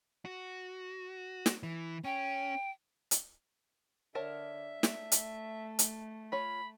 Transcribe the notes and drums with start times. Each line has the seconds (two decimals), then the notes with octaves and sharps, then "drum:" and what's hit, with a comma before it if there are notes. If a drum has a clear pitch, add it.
0.25 F#4
1.46 drum: snare
1.63 E3
2.04 C#4 G5
3.11 drum: hi-hat
4.15 D3 A#4 C#5 E5 A5
4.83 A3, drum: snare
5.12 drum: hi-hat
5.79 drum: hi-hat
6.32 F4 C#5 B5